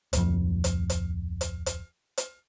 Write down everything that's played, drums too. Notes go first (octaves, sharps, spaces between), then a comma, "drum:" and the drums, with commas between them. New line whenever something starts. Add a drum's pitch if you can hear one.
D1 F2, drum: hi-hat
drum: hi-hat
drum: hi-hat
drum: hi-hat
drum: hi-hat
drum: hi-hat